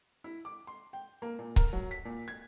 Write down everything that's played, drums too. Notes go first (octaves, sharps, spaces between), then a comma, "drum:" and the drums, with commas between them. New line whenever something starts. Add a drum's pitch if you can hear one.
E4
D6
C6
G5
A#3
A#2
A#4, drum: kick C#1
F#3
B6
A#2
G#6